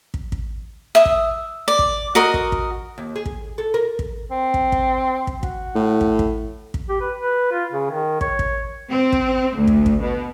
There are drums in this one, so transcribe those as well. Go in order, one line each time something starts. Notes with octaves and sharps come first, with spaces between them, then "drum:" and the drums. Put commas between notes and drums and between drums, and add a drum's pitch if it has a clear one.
drum: kick
drum: kick
E5 D#6
drum: kick
D5
drum: kick
F#4 A#4 D#5
drum: kick
drum: kick
D#2
G#4
drum: kick
A4
A#4
drum: kick
C4
drum: kick
drum: kick
drum: kick
F#4, drum: kick
A2
drum: kick
drum: kick
drum: kick
G4
B4
B4
F4
C#3
D#3
C#5, drum: kick
drum: kick
C4
drum: kick
D2
drum: kick
drum: kick
B2